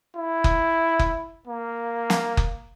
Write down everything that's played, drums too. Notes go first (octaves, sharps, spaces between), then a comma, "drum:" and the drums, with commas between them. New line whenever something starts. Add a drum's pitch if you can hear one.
E4
drum: kick F#1
drum: kick F#1
A#3
drum: snare
drum: kick F#1